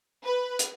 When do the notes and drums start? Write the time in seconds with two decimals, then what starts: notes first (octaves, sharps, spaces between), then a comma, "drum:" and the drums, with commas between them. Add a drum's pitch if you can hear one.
0.24 B4
0.59 drum: hi-hat